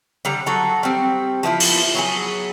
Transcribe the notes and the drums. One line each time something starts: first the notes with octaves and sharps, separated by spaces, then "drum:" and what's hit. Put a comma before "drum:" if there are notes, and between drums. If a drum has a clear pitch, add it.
D3 G3 A#5
F#3 F#4 A4 A#5
G3 C4
F3 B3 E4 F4
drum: open hi-hat
F#3 B3 G#4